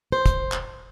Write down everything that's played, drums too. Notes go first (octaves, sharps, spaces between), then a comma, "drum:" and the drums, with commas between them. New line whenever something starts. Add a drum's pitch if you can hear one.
C5
drum: kick, hi-hat
drum: clap